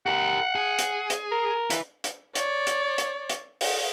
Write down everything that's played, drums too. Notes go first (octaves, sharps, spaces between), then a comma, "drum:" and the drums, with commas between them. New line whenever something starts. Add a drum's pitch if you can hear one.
G4 A#4 F#5
G#4
drum: hi-hat
drum: hi-hat
A#4
E4 B4, drum: hi-hat
drum: hi-hat
C#5 D5, drum: hi-hat
drum: hi-hat
drum: hi-hat
drum: hi-hat
drum: open hi-hat